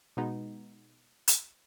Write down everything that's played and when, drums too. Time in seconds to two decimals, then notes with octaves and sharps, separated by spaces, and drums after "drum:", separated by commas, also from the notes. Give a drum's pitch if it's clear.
0.17 B2 G#3 B3 D#4
1.28 drum: hi-hat